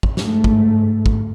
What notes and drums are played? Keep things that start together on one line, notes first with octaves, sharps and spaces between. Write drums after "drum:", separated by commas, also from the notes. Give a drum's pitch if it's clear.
drum: kick
G#2 A3, drum: snare
drum: kick
drum: kick